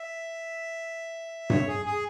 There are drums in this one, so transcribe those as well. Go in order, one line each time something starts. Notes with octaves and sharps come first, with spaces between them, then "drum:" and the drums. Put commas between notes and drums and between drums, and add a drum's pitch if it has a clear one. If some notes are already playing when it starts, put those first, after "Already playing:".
Already playing: E5
C#5, drum: tom G2
G#4
G#4